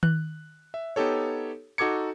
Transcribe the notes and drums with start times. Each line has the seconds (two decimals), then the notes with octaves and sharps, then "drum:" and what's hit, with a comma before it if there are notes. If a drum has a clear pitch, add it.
0.03 F#6, drum: tom D#3
0.74 E5
0.96 B3 D#4 G4 A4 C#5
1.78 D#4 F#4 A4 D6 G#6 C#7